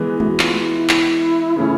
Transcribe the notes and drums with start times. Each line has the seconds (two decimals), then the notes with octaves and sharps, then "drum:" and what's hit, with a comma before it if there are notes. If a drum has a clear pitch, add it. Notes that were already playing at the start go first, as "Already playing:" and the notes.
Already playing: E3 G#3 B3
0.16 G#4
0.20 F#4, drum: tom G#3
0.39 F4, drum: clap
0.62 E4
0.89 drum: clap
1.56 C#3 E3 A3 C#4